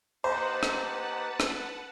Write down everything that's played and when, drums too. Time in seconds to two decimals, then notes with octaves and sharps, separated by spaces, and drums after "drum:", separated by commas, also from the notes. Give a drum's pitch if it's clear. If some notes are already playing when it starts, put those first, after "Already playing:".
0.24 A#3 D#4 G4 B4 C5 F#5 A5
0.63 drum: rim click
1.40 drum: rim click